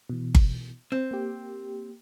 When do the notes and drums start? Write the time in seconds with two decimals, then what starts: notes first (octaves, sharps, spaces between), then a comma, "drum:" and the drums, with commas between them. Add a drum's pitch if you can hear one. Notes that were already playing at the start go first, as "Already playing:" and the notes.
0.10 B2 E3
0.35 drum: kick G1
0.92 C4
1.11 A#3 G4